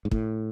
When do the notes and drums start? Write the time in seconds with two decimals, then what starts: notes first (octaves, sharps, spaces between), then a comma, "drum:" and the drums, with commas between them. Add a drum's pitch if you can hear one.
0.05 G#2
0.11 A2, drum: kick